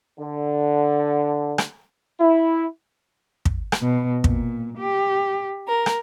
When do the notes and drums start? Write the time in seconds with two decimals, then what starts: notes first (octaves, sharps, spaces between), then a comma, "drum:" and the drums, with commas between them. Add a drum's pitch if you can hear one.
0.19 D3
1.58 drum: rim click
2.20 E4
3.45 drum: kick
3.72 drum: rim click
3.82 B2
4.24 A#2, drum: kick
4.79 G4
5.68 A#4
5.86 drum: rim click